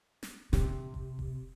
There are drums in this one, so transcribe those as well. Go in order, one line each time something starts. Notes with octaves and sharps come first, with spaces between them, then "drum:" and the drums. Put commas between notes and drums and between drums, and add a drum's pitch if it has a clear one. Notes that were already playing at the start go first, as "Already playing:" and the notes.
drum: snare
C3, drum: snare
drum: kick F1
drum: kick F1